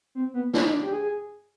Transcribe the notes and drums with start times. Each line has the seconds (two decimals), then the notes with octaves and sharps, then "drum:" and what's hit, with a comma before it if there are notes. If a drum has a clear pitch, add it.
0.15 C4
0.34 B3
0.53 D4, drum: snare
0.63 D#4
0.73 D4
0.83 G4
0.92 G#4
1.02 G#4